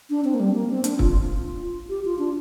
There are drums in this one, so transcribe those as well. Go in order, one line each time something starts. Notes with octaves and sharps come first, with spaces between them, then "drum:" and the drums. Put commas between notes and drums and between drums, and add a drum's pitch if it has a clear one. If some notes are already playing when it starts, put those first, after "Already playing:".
D4
C4
A#3
G3
A#3
C4
D4, drum: hi-hat
F4, drum: kick
G4
F4
D4